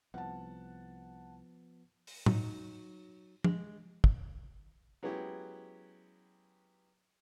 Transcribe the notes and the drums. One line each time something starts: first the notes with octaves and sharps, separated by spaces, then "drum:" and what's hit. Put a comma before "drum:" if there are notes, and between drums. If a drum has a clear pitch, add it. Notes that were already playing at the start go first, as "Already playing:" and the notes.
C2 F3 B3 F#5 A5
drum: open hi-hat
F#3 D#4, drum: tom A2
G#3, drum: tom F3
drum: kick
F#3 G#3 B3 C#4 E4 G4